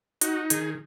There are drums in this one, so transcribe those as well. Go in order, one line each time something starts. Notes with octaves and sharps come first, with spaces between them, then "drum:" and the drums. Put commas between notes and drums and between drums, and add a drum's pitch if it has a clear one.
D#4 F#4, drum: hi-hat
D#3 G#4, drum: hi-hat